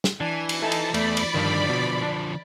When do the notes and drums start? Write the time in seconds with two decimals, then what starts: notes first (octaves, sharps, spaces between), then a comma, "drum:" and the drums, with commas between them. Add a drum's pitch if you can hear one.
0.04 drum: snare
0.21 E3 D4 G#5
0.49 drum: cymbal
0.62 D#4 A4 E5 G#5 A5
0.72 drum: cymbal
0.94 E2 A3 D5 B5, drum: cymbal
1.17 drum: cymbal
1.34 G2 D3 D#3 F3
1.69 B2
2.02 D4